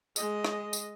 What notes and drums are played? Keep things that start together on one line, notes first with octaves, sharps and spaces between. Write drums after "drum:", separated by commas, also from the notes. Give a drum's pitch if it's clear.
G#3 D#5, drum: tambourine
drum: rim click
drum: tambourine